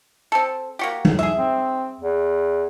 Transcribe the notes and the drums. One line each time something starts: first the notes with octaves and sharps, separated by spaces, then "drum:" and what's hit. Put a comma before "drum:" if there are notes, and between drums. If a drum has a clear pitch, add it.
C4 A4
A#3 F#4 G4
drum: tom G3
G#4 E5
C4
E2